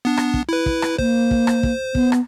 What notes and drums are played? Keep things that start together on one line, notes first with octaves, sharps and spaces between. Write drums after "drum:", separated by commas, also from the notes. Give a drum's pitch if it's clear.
B3 D4
drum: rim click
drum: kick
E4 B4
drum: kick
drum: rim click
A#3 C5, drum: kick
drum: kick
drum: rim click
drum: kick
B3, drum: kick
drum: rim click